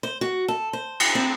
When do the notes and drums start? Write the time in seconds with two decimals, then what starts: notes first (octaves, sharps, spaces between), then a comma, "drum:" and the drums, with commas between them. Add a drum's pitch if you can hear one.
0.03 C5
0.21 F#4
0.48 A4
0.73 C5
1.00 drum: cymbal
1.15 C4